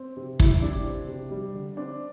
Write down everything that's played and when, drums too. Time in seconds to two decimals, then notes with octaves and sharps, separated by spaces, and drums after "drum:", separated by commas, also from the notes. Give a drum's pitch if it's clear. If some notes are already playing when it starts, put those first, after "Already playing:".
Already playing: C4
0.17 C3
0.40 G3 E4, drum: kick
0.54 E4
0.62 C3 D4
0.86 C4
1.08 C3
1.31 G3
1.54 D3
1.77 C4 D4